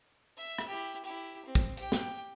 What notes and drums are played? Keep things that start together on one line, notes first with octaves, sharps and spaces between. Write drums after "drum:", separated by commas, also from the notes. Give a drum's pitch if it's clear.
E5
drum: rim click
E4 G4
E4 G4
C4
drum: kick
G4 G5, drum: hi-hat
drum: snare